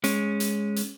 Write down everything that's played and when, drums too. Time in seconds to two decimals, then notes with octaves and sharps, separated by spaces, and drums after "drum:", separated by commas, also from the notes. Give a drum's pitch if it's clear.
0.04 G#3 C#4, drum: hi-hat
0.40 drum: hi-hat
0.76 drum: hi-hat